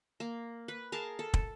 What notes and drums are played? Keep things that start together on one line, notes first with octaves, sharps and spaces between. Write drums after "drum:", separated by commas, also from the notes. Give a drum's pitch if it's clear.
A#3
B4
G#4 A#4 F5 A5
A4
drum: kick